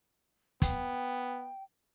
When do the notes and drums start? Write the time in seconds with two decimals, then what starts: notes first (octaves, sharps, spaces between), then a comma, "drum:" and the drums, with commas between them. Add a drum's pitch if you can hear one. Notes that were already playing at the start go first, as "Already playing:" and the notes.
0.62 B3 G5, drum: kick, hi-hat